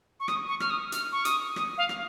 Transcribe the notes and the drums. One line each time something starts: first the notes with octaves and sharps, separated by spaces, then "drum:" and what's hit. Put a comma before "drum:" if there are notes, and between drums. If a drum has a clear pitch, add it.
C#6
D#6, drum: rim click
C#6
F6, drum: rim click
D#6
F6, drum: hi-hat
C#6
D#6, drum: hi-hat
D#6, drum: rim click
F5
drum: rim click